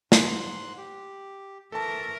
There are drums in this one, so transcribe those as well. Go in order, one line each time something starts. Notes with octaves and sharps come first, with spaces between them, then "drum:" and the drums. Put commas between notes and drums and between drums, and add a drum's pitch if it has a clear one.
G#2 C6 F#6, drum: snare
G4
E3 A3 A4 A#4 E5 A5